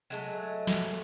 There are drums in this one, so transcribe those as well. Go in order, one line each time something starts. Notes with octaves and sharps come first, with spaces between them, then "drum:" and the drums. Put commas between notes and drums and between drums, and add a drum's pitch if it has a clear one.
F#3 G#3 A3
drum: snare